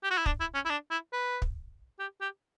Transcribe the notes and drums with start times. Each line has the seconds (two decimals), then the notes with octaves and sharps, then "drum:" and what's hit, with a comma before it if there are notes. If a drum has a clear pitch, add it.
0.04 G4
0.11 F#4
0.18 E4
0.26 D4, drum: kick
0.40 E4
0.54 C#4
0.65 E4
0.70 D4
0.91 E4
1.13 B4
1.42 drum: kick
1.99 G4
2.21 G4